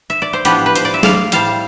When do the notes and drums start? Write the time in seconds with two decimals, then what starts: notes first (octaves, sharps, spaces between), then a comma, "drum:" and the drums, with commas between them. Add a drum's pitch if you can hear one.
0.10 E5
0.22 D5
0.33 C5
0.45 A2 F3 B3 D4 G4 B4, drum: hi-hat
0.66 B4
0.76 C5, drum: hi-hat
0.85 D5
0.94 E5
1.03 D5 F5, drum: snare
1.32 A2 G3 C4 F5 A5, drum: hi-hat